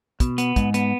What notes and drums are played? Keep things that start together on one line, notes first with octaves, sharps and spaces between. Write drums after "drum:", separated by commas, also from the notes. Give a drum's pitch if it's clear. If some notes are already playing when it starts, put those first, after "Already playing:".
B2, drum: kick, hi-hat
B3, drum: hi-hat
G#2, drum: kick, hi-hat
B3, drum: hi-hat